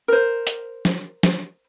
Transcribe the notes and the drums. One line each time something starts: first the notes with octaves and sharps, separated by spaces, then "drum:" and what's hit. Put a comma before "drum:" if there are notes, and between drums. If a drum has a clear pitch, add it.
A#4 C5
drum: hi-hat
drum: snare
drum: snare